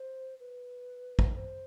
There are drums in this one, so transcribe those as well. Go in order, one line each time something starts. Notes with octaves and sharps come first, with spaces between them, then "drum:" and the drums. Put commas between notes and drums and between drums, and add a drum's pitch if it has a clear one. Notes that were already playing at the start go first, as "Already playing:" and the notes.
Already playing: C5
B4
drum: kick
C5